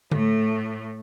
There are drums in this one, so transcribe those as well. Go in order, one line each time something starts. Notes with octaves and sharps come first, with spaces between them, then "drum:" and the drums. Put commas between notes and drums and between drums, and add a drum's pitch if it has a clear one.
A2 A3, drum: tom D3